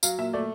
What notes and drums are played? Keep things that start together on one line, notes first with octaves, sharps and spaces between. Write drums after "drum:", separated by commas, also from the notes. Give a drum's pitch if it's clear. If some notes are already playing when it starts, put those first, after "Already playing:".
F#3 F5, drum: tambourine
A#2 E5
A3 D5